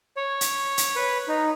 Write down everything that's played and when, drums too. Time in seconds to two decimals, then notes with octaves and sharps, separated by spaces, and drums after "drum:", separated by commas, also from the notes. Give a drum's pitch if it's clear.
0.17 C#5
0.41 drum: hi-hat
0.78 drum: hi-hat
0.96 B4
1.28 D#4